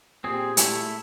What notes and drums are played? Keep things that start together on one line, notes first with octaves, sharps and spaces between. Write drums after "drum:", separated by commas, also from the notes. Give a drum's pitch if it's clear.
A#2 C4 G4 G#4
G#3 A3 E4, drum: hi-hat